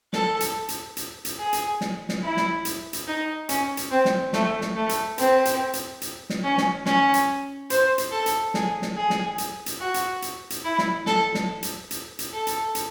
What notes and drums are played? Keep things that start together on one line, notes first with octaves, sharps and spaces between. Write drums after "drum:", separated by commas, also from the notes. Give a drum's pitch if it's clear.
A4, drum: snare
drum: hi-hat
drum: hi-hat
drum: hi-hat
drum: hi-hat
G#4
drum: hi-hat
drum: snare
drum: snare
E4
drum: snare
drum: hi-hat
drum: hi-hat
D#4
C#4, drum: hi-hat
drum: hi-hat
C4
drum: snare
A3, drum: snare
drum: snare
A3
drum: hi-hat
C4, drum: hi-hat
drum: hi-hat
drum: hi-hat
drum: hi-hat
drum: snare
C#4
drum: snare
C#4, drum: snare
drum: hi-hat
C5, drum: hi-hat
drum: hi-hat
A4
drum: hi-hat
G#4, drum: snare
drum: snare
G#4
drum: snare
drum: hi-hat
drum: hi-hat
F#4
drum: hi-hat
drum: hi-hat
drum: hi-hat
E4
drum: snare
A4, drum: snare
drum: snare
drum: hi-hat
drum: hi-hat
drum: hi-hat
A4
drum: hi-hat
drum: hi-hat